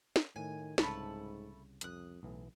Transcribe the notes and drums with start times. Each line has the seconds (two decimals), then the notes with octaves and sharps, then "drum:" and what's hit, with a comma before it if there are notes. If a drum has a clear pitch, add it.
0.16 drum: snare
0.36 A2 D#3 G#5
0.78 C2 G#2 C#3 A3 A5 B5, drum: snare
1.81 F2 D#6 F#6, drum: hi-hat
2.23 B1 A2 E3